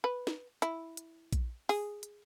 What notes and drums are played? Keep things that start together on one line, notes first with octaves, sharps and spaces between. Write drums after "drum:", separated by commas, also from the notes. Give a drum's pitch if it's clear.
B4
drum: snare
E4, drum: hi-hat
drum: hi-hat
drum: kick A#1, hi-hat
G#4, drum: open hi-hat
drum: hi-hat